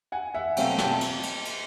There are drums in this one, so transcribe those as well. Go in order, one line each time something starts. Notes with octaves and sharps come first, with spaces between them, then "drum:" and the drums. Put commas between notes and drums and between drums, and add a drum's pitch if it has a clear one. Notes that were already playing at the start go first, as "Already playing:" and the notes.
F#5 G#5
E5 F#5
B2 F#3 A3 C4 F5 G5, drum: cymbal
G5 A5, drum: snare
drum: cymbal
drum: cymbal
drum: cymbal